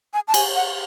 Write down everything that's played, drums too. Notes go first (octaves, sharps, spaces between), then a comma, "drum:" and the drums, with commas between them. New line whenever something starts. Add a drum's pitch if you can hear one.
G#5
A5
G#5, drum: cymbal
F#5